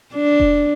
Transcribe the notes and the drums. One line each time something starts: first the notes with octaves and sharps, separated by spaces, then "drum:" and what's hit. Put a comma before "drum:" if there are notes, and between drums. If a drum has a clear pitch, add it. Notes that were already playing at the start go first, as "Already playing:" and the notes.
D4
drum: kick F1